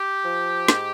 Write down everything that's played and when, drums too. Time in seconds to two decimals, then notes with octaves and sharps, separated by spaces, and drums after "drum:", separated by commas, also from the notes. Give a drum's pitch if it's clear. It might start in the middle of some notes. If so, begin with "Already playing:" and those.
Already playing: G4
0.24 F3
0.68 G#2, drum: snare